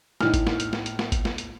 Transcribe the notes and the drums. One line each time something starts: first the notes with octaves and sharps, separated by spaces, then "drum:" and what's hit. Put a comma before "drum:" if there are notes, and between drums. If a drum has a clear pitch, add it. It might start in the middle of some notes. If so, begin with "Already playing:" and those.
A2 D#4 F6, drum: snare
drum: kick G#1, hi-hat
drum: snare
drum: hi-hat
drum: snare
drum: hi-hat
drum: snare
drum: kick G#1, hi-hat
drum: snare
drum: hi-hat